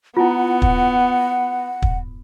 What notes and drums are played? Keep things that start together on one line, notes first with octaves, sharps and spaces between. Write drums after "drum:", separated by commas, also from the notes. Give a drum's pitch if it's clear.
B3 E4 F4 F#5
drum: kick
drum: kick